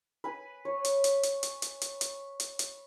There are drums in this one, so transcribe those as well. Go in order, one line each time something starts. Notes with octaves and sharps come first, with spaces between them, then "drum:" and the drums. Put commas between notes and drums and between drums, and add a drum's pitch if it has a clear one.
B4 G#5
C#5
drum: hi-hat
drum: hi-hat
drum: hi-hat
drum: hi-hat
drum: hi-hat
drum: hi-hat
drum: hi-hat
drum: hi-hat
drum: hi-hat